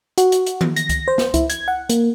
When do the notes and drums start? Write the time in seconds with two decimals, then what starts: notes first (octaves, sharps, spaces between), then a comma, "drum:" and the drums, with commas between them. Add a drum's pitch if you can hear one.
0.18 F#4, drum: hi-hat
0.32 drum: hi-hat
0.46 drum: hi-hat
0.61 drum: tom D#3
0.76 A#6, drum: hi-hat
0.89 drum: kick C#2, hi-hat
1.08 C5
1.18 drum: snare
1.34 E4, drum: kick C#2, hi-hat
1.50 G#6, drum: hi-hat
1.68 F#5
1.89 A#3, drum: hi-hat